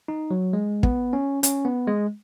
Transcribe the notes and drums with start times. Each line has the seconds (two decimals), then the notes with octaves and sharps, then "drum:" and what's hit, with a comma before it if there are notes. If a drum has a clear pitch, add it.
0.08 D#4
0.31 F#3
0.53 G#3
0.83 B3, drum: kick
1.13 C#4
1.43 C#4, drum: hi-hat
1.65 B3
1.87 G#3